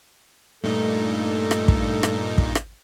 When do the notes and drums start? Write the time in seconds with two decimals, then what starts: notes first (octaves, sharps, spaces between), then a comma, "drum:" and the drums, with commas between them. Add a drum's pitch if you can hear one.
0.64 G2 A#2 A3 D#4 A4
1.51 drum: rim click
1.68 drum: kick
2.03 drum: rim click
2.38 drum: kick
2.55 drum: rim click